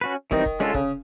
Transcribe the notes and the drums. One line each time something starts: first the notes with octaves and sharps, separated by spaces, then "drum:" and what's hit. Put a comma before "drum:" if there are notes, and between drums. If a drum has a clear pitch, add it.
C#4 F#4 B4
D#3 E3 G3 C4 D#4, drum: kick
drum: kick
D3 G#3 C#4 F4 A4
C#3, drum: kick